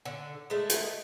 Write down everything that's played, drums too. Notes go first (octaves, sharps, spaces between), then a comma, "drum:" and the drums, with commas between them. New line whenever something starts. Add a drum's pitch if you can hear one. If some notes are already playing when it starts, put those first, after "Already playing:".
D3
G#3 A3
drum: hi-hat